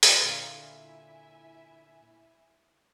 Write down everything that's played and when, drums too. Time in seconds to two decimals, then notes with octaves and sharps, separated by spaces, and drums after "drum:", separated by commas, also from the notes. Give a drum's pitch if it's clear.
0.03 drum: open hi-hat
0.23 A#2 D3 E4 E5 F5 G#5